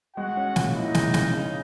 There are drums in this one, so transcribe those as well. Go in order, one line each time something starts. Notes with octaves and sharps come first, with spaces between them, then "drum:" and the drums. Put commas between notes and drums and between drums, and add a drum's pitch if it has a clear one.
G#3 F#4 F#5
C#4
A#2, drum: snare
D#4 E4 D#5
G#3, drum: snare
C#4, drum: snare
C#3